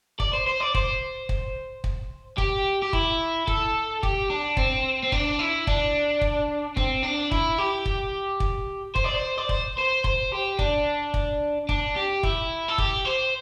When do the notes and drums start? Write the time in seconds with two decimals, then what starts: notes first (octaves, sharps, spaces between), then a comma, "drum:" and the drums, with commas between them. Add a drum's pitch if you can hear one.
0.20 D5, drum: kick
0.33 C5
0.47 C5
0.60 D5
0.75 C5, drum: kick
1.29 drum: kick
1.84 drum: kick
2.38 G4, drum: kick
2.82 G4
2.93 E4, drum: kick
3.48 A4, drum: kick
4.03 G4, drum: kick
4.30 D4
4.57 C4, drum: kick
5.03 C4
5.12 D4, drum: kick
5.39 E4
5.67 D4, drum: kick
6.21 drum: kick
6.77 C4, drum: kick
7.03 D4
7.31 E4, drum: kick
7.58 G4
7.86 drum: kick
8.40 drum: kick
8.96 C5, drum: kick
9.05 D5
9.15 C5
9.38 D5
9.49 C5, drum: kick
9.78 C5
10.04 C5, drum: kick
10.32 G4
10.59 D4, drum: kick
11.14 drum: kick
11.69 D4, drum: kick
11.96 G4
12.23 E4, drum: kick
12.68 A4
12.78 G4, drum: kick
13.05 C5